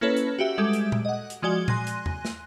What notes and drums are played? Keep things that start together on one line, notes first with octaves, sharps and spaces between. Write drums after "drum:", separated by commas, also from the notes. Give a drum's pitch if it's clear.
A#3 C#4 E4 A4 B4 C#5
drum: hi-hat
F#4 G4 E5 F#7
G3 G#3 A4 E5 D7
drum: hi-hat
drum: tom A#2
D#5 F#5
drum: hi-hat
F3 G#3 F#4 D5 G#5 G7
G#5 C6 F#6 A#6 D#7, drum: tom A#2
drum: hi-hat
drum: tom E2
drum: snare